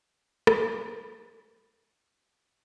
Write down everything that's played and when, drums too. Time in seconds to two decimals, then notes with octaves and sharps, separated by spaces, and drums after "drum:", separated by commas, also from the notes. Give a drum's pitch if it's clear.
0.03 A4 C#5
0.47 drum: rim click